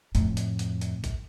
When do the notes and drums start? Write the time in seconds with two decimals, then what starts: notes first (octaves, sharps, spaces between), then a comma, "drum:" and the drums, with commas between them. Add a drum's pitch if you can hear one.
0.15 F2 A2, drum: hi-hat
0.37 drum: hi-hat
0.59 drum: hi-hat
0.81 drum: hi-hat
1.04 drum: kick A1, hi-hat